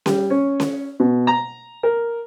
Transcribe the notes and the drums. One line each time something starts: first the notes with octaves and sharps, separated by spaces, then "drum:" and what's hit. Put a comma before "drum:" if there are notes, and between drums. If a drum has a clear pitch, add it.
G3, drum: snare C#4
C#4
drum: snare C#4
B2
A#5
A#4